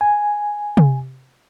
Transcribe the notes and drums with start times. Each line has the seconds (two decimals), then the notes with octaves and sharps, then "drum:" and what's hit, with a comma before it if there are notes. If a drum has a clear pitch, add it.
0.01 G#5
0.77 drum: tom C3